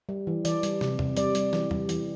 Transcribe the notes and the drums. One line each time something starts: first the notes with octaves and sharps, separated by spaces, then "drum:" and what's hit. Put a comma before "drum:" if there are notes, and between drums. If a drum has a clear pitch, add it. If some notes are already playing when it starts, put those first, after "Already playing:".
G3
E3
E3 D5, drum: hi-hat
G3, drum: hi-hat
C3, drum: snare
C3, drum: tom E2
G3 D5, drum: hi-hat
G3, drum: hi-hat
E3, drum: snare
G3, drum: tom E2
E3, drum: hi-hat